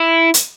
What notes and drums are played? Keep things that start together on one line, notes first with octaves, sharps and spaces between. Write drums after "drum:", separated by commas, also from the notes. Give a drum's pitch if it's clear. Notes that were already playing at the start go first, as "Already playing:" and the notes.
Already playing: E4
drum: hi-hat